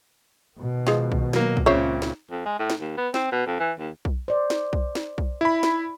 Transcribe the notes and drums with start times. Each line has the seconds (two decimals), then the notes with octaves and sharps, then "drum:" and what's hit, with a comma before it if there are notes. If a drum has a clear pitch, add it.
0.56 B2 D#3
0.87 F3 G#3, drum: snare
1.12 drum: kick B1
1.33 F#3 A#3, drum: snare
1.57 drum: kick B1
1.66 C#2 A#2 C#3 C4 C#4 C5 C#5 E5
2.02 drum: snare
2.31 F2
2.45 G#3
2.59 A2
2.70 drum: snare
2.80 D#2
2.97 B3
3.14 C4, drum: snare
3.32 B2
3.47 F2
3.60 E3
3.79 D#2
4.05 drum: kick B1
4.28 C5 D5
4.50 drum: snare
4.73 drum: kick B1
4.95 drum: snare
5.18 drum: kick B1
5.41 E4 B5
5.63 drum: snare